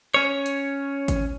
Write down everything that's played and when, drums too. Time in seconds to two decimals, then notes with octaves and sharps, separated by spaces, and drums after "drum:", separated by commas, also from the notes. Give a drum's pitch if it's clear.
0.14 C#4 C#5
0.46 drum: hi-hat
1.08 drum: kick G#1, hi-hat